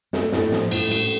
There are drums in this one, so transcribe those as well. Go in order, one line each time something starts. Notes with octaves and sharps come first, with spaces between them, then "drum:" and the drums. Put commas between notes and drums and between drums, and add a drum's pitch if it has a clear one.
A3, drum: snare
A2, drum: snare
F3, drum: snare
A2, drum: cymbal
A3, drum: cymbal